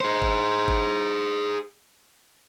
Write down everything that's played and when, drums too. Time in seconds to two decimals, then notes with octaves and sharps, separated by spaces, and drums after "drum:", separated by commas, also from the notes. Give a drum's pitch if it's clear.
0.01 G#4 C5
0.22 drum: kick G1
0.68 drum: kick G1